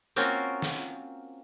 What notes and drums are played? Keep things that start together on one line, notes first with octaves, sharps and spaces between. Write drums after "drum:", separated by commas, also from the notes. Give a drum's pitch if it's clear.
A#3 C4 C#4 F4 F#4 A#4
drum: snare